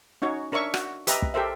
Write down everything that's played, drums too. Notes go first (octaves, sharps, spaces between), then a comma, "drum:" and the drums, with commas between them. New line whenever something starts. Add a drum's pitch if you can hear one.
C#4 D#4 F#4 C#5
D4 A#4 C#5 E5 C#6
F#4, drum: rim click
G4 B4 D#5 E5 A#5, drum: hi-hat
drum: kick
G4 A4 A#4 C5 E5